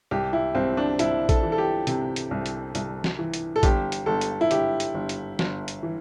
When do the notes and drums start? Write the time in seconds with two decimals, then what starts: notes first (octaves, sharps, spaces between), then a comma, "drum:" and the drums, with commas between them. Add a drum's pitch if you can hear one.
0.11 C2 G4
0.33 E4
0.55 C2 C4
0.77 D4
0.99 C2 E4, drum: hi-hat
1.29 A4, drum: kick A#1, hi-hat
1.43 E3
1.52 A4
1.58 G4
1.87 C3, drum: hi-hat
2.16 drum: hi-hat
2.31 C2
2.46 drum: hi-hat
2.75 C2, drum: hi-hat
3.04 drum: snare
3.19 E3
3.34 drum: hi-hat
3.56 A4
3.63 G1 G4, drum: kick A#1, hi-hat
3.92 drum: hi-hat
4.06 G1 A4
4.21 drum: hi-hat
4.41 E4
4.51 G1 G4, drum: hi-hat
4.80 drum: hi-hat
4.94 G1
5.09 drum: hi-hat
5.39 G1, drum: snare
5.68 drum: hi-hat
5.83 E3